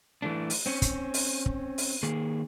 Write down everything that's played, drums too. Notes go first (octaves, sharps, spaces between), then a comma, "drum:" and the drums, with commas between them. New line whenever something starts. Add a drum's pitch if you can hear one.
E3 A3 D4
drum: open hi-hat
C4 C#4
drum: kick, hi-hat
drum: open hi-hat
drum: kick
drum: open hi-hat
D#3 A#3 G#4